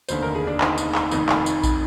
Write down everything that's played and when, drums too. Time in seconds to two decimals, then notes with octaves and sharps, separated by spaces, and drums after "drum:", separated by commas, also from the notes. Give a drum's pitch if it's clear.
0.09 F1 D#2 D3 C5, drum: tambourine
0.23 A#4
0.35 G#4
0.47 D4
0.61 D#4, drum: clap
0.78 drum: tambourine
0.95 drum: clap
1.11 F1 F2 D#3 D#4, drum: tambourine
1.29 drum: clap
1.46 drum: tambourine
1.63 drum: kick A#1, tambourine